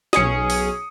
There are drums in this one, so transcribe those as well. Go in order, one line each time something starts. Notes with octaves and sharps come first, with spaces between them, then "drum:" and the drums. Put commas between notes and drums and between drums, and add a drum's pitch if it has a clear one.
B1 C#4 G#4 D#6 C#7, drum: snare
drum: open hi-hat